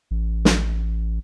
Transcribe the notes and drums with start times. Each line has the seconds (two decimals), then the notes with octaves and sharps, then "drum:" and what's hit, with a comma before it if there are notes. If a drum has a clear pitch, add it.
0.11 A1
0.45 drum: snare